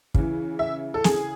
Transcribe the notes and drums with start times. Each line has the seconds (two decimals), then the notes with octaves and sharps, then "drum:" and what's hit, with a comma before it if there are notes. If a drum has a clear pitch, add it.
0.14 C#3 E3, drum: kick
0.59 E5
0.94 A4
1.04 G#4, drum: snare